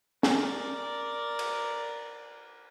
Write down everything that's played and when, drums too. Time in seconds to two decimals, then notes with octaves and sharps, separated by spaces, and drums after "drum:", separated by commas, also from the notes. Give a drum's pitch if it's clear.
0.23 A#4 D5, drum: snare
1.39 drum: cymbal